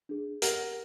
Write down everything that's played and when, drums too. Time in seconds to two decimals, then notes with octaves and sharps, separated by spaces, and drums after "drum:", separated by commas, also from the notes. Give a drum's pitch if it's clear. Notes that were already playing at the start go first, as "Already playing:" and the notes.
0.09 D4 G#4
0.42 G4 A#4 F#5, drum: hi-hat